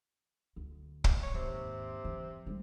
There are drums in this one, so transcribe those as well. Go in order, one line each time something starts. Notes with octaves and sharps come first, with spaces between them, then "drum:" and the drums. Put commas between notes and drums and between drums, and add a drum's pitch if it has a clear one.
D2
drum: kick
C#5
D#2 G#2 C3
E3
G3 G#3